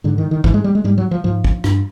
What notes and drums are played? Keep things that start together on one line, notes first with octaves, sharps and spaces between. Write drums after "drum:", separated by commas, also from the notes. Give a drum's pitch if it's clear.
G#2 D3
D#3
D#3
G#2 E3, drum: kick
G#3
G3
G#3
G#2 G3
F#3
F3
G#2 F3
drum: kick
G2, drum: rim click